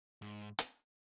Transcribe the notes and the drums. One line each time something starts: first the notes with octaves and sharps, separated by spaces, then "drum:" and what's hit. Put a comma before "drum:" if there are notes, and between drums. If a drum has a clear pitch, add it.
G#2
drum: hi-hat